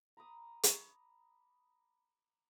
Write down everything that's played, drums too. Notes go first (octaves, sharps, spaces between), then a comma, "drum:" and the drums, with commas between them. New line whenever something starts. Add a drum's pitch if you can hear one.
A#5 B5 D6 D#6
drum: hi-hat